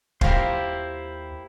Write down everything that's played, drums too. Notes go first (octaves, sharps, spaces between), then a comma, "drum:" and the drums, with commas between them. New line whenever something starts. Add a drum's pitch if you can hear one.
D#2 E4 F4 G4 A#4 C5, drum: kick